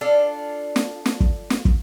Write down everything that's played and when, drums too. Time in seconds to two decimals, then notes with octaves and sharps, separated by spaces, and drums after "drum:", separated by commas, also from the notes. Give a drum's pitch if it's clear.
0.01 D4 F4 A4
0.76 drum: snare
1.06 drum: snare
1.20 drum: kick
1.50 drum: snare
1.65 drum: kick